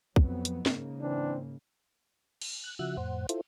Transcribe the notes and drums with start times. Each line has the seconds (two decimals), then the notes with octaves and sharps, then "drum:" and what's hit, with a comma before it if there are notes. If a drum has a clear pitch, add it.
0.16 F2 F#3 B3, drum: kick
0.45 drum: hi-hat
0.66 G#2 C#3 A#3, drum: snare
1.01 E3 C4 D4
2.42 drum: cymbal
2.64 F#6
2.79 C#3 F3 F#4 E5 F#6
2.97 F2 A2 C5 F#5
3.29 E4 F4 A4 C5, drum: hi-hat